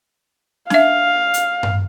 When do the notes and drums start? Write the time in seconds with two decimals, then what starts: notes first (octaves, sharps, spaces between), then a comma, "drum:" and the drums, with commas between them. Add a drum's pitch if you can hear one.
0.70 D4 E5 F5, drum: snare C#4
1.34 drum: hi-hat
1.63 drum: tom G2